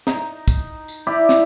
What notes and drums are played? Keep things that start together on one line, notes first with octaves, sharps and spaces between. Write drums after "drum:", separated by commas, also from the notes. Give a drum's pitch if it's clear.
D#4, drum: snare
drum: kick, tambourine
drum: tambourine
E4 G4 B4 D5
drum: snare